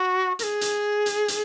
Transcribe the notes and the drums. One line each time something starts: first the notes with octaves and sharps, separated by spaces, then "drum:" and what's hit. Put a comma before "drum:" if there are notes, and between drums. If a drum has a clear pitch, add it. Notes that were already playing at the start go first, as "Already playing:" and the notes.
Already playing: F#4
A#4, drum: hi-hat
G#4
drum: hi-hat
drum: hi-hat
drum: hi-hat